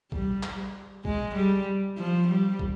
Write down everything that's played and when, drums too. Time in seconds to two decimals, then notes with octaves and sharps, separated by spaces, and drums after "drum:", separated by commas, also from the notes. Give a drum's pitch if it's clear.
0.12 G3, drum: kick
0.43 drum: clap
1.05 G#3, drum: kick
1.35 G3
1.98 F3
2.28 G3
2.59 drum: kick